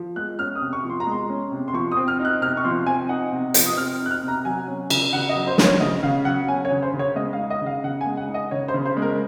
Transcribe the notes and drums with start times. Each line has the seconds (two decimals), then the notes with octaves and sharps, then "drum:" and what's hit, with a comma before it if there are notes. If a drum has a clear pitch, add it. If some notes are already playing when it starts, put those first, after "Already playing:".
Already playing: F3
0.16 G#3 F#6
0.39 C#4 F6
0.55 D#6
0.61 C3
0.73 C#6
0.84 F3
0.90 C6
1.00 A#5
1.07 G#3 C6
1.29 C#4
1.52 C3
1.68 C6
1.73 F3 C#6
1.92 D#6
1.97 C4
2.08 F6
2.19 D#4
2.25 F#6
2.42 C3 F6
2.57 C#6
2.64 F3 C6
2.86 C4 G#5
3.09 D#4 F#5
3.32 C3
3.54 F3, drum: hi-hat
3.66 D#6
3.77 C4 F6
4.00 D#4
4.06 F#6
4.11 F6
4.22 C3
4.28 A#5
4.45 F#3 G#5
4.67 C#4
4.90 C#3, drum: cymbal
5.13 C#3 F#5
5.29 D#5
5.35 F#3
5.47 C5
5.58 C#4, drum: snare
5.63 C#5
5.80 C#3 D#5
6.03 C#3 F5
6.25 F#3 F#5
6.48 C#4 G#5
6.65 C#5
6.71 C#3
6.82 C5
6.93 C#3
6.99 C#5
7.16 G#3 D#5
7.33 F5
7.39 D#4
7.50 D#5
7.61 C#3
7.66 F5
7.84 C#3 F#5
8.01 G#5
8.06 G#3
8.17 F#5
8.29 D#4
8.34 D#5
8.51 C#3 C#5
8.68 C5
8.74 C#3
8.86 C5
8.97 G#3
9.02 A#4